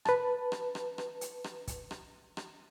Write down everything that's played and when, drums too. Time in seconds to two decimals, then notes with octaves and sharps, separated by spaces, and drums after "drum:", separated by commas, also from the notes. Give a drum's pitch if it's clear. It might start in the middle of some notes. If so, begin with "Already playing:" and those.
0.05 B4 A5, drum: rim click
0.52 drum: rim click
0.75 drum: rim click
0.98 drum: rim click
1.21 drum: hi-hat
1.44 drum: rim click
1.67 drum: kick, hi-hat
1.91 drum: rim click
2.37 drum: rim click